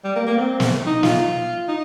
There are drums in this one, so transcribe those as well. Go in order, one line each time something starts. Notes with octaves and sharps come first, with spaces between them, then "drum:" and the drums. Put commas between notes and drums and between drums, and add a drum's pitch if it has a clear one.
G3
A#3
A#3
C4
drum: snare
D#4
F4, drum: snare
D#4